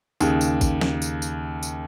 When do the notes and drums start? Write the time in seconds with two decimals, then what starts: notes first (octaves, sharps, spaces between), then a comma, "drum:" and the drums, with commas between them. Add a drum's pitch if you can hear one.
0.21 D#2 C#3, drum: tambourine
0.41 drum: tambourine
0.61 drum: kick A1, tambourine
0.81 drum: snare
1.02 drum: tambourine
1.22 drum: tambourine
1.63 drum: tambourine